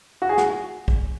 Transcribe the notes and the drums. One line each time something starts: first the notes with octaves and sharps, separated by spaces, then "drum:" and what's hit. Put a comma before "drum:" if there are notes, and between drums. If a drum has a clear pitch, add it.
F#4
G#4
F#4, drum: snare
drum: kick